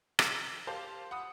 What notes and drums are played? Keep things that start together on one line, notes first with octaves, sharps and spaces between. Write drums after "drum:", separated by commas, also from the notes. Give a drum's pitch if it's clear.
B6 C7, drum: rim click
G4 C5 F5 A5
F#5 B5 D#6